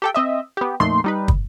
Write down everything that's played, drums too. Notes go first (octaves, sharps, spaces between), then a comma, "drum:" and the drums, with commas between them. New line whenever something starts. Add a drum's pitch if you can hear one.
G4 A4 G5
C4 D#5 E5
B3 G4
F2 A#2 A3 D#4 C6
G3 D#4 B4
drum: kick